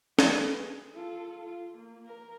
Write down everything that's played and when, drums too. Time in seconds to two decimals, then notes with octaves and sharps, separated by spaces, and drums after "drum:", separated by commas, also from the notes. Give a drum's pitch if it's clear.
0.19 B4, drum: snare
0.57 G#4
0.94 F4 A4
1.45 F4
1.77 A#3
2.07 A#4